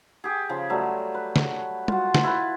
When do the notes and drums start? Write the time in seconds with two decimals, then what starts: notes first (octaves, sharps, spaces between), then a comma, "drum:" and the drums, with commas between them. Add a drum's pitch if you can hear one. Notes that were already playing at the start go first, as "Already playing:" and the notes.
0.24 G4 G#4
0.49 C#3 F3
0.70 F#3 G3 A3
1.14 B4
1.36 drum: snare
1.88 F4 F#4, drum: tom
2.14 drum: snare
2.24 E4 F4 B4